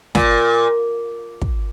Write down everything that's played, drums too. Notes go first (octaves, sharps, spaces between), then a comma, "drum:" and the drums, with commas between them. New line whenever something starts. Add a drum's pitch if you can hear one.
A#2, drum: snare
drum: kick